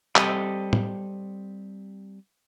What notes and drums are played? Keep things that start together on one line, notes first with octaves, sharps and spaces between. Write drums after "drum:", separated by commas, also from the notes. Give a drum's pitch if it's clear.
G3 C4 G4 A4 D#5, drum: clap
drum: tom A2